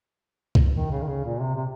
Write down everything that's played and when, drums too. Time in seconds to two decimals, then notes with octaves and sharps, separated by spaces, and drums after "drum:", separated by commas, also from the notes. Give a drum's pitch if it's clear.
0.55 drum: kick C#2
0.74 D#3
0.91 C#3
1.01 D#3
1.07 C#3
1.24 A#2
1.41 C3
1.56 C3